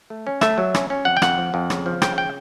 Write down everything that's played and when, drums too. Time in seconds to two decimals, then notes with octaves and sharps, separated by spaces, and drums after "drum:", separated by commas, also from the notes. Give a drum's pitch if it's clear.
0.10 A3
0.27 C#4
0.41 A3 E5, drum: rim click
0.58 F#3
0.74 C#4, drum: rim click
0.90 C#4
1.05 F2 F#5
1.17 G5
1.22 F2 F#5, drum: rim click
1.38 F3
1.54 F2
1.70 C#3, drum: rim click
1.86 F3
2.02 C#3 G5, drum: rim click
2.18 G5